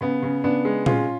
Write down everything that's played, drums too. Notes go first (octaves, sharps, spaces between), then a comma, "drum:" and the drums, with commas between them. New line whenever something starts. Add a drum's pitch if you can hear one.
C#3 B3
C#3
C#3 B3 D4
G#3
G#3 C#4 F4, drum: tom A#2